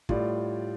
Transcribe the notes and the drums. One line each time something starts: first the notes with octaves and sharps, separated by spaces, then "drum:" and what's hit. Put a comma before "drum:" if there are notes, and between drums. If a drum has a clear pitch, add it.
A2 G3 F4 D5, drum: kick